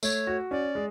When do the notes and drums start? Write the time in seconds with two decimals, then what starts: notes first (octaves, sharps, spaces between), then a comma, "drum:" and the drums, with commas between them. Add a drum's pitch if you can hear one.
0.03 A3 C#5, drum: tambourine
0.27 F#4
0.51 C#4 D5
0.75 G#3